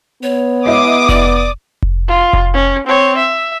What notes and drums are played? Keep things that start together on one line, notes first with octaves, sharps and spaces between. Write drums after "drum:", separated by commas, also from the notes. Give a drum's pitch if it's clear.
B3 C#5
G#3 E4 D6 D#6
D5, drum: kick F1
drum: kick F1
F4
drum: kick F1
C#4
C4 C#5
E5